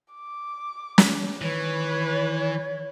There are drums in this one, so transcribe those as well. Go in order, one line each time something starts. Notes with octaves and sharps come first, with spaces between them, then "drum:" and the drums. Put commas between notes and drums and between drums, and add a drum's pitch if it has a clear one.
D6
drum: snare
D#3 E3 B4 C#5